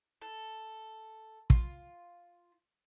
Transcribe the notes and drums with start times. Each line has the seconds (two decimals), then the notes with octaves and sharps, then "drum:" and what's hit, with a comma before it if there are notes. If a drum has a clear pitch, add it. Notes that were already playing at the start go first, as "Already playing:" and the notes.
0.22 A4
1.50 F4, drum: kick